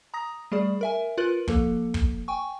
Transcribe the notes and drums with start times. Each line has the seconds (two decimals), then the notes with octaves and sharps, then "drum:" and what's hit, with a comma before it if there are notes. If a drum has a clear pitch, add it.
0.14 A#5 D#6 A#6
0.52 G3 A3 G#4 D5
0.81 A#4 E5 G#5
1.18 F4 A#4 B4 F#6 F#7
1.48 F3 A#3 A4, drum: kick
1.94 drum: kick
2.28 G5 G#5 C#6